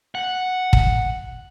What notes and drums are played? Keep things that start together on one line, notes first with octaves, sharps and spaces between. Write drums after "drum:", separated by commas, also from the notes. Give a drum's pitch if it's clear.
F#5
drum: kick